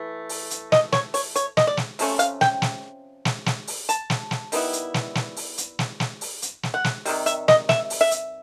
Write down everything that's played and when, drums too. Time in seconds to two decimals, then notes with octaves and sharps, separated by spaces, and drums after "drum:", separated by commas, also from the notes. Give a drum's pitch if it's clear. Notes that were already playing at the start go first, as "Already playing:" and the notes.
Already playing: E3 A3
0.29 drum: open hi-hat
0.50 drum: hi-hat
0.72 D#5, drum: snare
0.92 C#5, drum: snare
1.14 C#5, drum: open hi-hat
1.36 C#5, drum: hi-hat
1.57 D#5, drum: snare
1.67 D5
1.77 drum: snare
1.99 C3 F3 A3 C#4, drum: open hi-hat
2.19 F5, drum: hi-hat
2.41 G5, drum: snare
2.62 drum: snare
3.25 drum: snare
3.46 drum: snare
3.67 drum: open hi-hat
3.89 A5, drum: hi-hat
4.10 drum: snare
4.31 drum: snare
4.52 D#3 G3 B3 E4, drum: open hi-hat
4.73 drum: hi-hat
4.94 drum: snare
5.15 drum: snare
5.37 drum: open hi-hat
5.58 drum: hi-hat
5.79 drum: snare
6.00 drum: snare
6.21 drum: open hi-hat
6.42 drum: hi-hat
6.63 drum: snare
6.74 F#5
6.84 drum: snare
7.05 C3 D#3 G3, drum: open hi-hat
7.26 E5, drum: hi-hat
7.48 D#5, drum: snare
7.69 E5, drum: snare
7.90 drum: open hi-hat
8.01 E5
8.11 drum: hi-hat